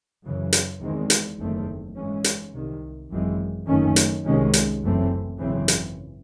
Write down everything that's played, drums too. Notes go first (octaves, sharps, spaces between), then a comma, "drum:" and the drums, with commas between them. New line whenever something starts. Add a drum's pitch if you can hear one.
F#2 C#3 E3
drum: hi-hat
E2 D#3 G#3 C4
drum: hi-hat
F#1 E2 D#3 A3 C4
G#2 E3 G#3 C#4
drum: hi-hat
C2 C3 D#3
G#1 F#2 E3 G#3 C4
F#1 F#2 D#3 A3 C#4
drum: hi-hat
C2 C3 D#3 G#3 C#4
drum: hi-hat
F#1 F#2 E3 A3 C4
G#1 F#2 C#3 E3 C4
drum: hi-hat